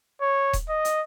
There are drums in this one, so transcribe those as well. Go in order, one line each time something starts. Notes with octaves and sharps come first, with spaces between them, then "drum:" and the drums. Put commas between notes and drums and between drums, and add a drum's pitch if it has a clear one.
C#5
drum: kick D#1, hi-hat
D#5
drum: hi-hat